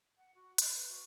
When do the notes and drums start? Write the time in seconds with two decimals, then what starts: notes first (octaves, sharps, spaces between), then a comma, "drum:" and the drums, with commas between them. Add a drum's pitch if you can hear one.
0.17 F#5
0.34 F#4
0.58 A4, drum: hi-hat
0.74 B4
0.88 F#4